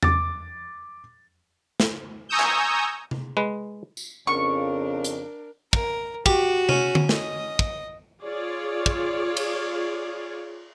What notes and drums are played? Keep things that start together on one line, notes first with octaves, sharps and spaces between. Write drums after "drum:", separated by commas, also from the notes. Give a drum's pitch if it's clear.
D6 A6, drum: tom E2
drum: snare
G#5 A#5 C#6 D#6 E6 G6
drum: clap
drum: tom C3
G#3 B4
drum: tambourine
F2 C#3 D4 A#4 C#6
drum: hi-hat
A#4, drum: kick
F#4 G4, drum: kick
C#4, drum: tom C3
drum: tom D3
D#5, drum: snare
drum: kick
F4 G#4 C#5 D5
drum: kick
drum: cymbal